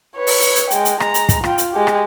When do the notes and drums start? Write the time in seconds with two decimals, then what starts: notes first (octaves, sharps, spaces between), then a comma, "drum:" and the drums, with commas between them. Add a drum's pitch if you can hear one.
0.17 B4 C#5
0.27 drum: open hi-hat
0.41 drum: hi-hat
0.56 drum: hi-hat
0.70 G#3 G5, drum: hi-hat
0.85 drum: hi-hat
1.00 G#3 A#5, drum: rim click
1.14 drum: hi-hat
1.29 drum: kick, hi-hat
1.44 F4 G5, drum: rim click
1.58 drum: hi-hat
1.73 G#3 G4
1.87 drum: rim click